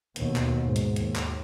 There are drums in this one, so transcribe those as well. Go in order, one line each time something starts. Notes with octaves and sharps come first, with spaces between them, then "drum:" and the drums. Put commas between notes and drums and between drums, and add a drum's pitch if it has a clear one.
D#2 B2, drum: hi-hat
drum: clap
G#2
drum: hi-hat
D#2, drum: hi-hat
drum: clap